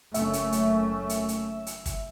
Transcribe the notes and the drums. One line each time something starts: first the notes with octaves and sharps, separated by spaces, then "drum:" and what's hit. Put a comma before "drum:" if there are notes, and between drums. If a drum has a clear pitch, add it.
F#1 A3 C#4 E5, drum: hi-hat
drum: hi-hat
drum: hi-hat
drum: hi-hat
drum: hi-hat
drum: hi-hat
drum: kick, hi-hat